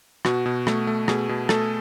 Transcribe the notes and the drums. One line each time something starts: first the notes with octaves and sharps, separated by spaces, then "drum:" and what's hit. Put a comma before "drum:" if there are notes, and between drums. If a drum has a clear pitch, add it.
B2 F#4, drum: rim click
B2
A3, drum: rim click
A3
B2 G#4, drum: rim click
B2
A3 A4, drum: rim click